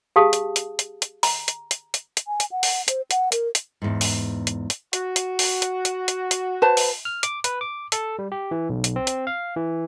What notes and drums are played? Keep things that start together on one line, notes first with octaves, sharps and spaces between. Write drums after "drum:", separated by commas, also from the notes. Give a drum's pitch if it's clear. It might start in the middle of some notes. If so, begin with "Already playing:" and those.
G4 G#4 F5 A5 D#6
drum: hi-hat
drum: hi-hat
drum: hi-hat
drum: hi-hat
A#5, drum: open hi-hat
drum: hi-hat
drum: hi-hat
drum: hi-hat
drum: hi-hat
G#5
drum: hi-hat
F#5
drum: open hi-hat
C5, drum: hi-hat
F#5, drum: hi-hat
A#4, drum: hi-hat
drum: hi-hat
E2 G#2
drum: open hi-hat
drum: hi-hat
drum: hi-hat
F#4, drum: hi-hat
drum: hi-hat
drum: open hi-hat
drum: hi-hat
drum: hi-hat
drum: hi-hat
drum: hi-hat
B4 C5 A5
drum: open hi-hat
F6
D6, drum: hi-hat
B4, drum: hi-hat
D6
A4, drum: hi-hat
G3
G4
E3
B1
drum: hi-hat
C4
drum: hi-hat
F5
E3